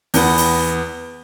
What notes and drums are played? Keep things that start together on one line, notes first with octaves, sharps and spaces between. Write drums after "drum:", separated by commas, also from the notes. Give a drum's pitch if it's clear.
E2 B3, drum: open hi-hat
drum: open hi-hat